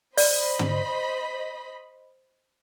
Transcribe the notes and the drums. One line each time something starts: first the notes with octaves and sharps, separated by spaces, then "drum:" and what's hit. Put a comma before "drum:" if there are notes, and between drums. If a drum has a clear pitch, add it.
C5 D5 D#5 B5, drum: open hi-hat
drum: tom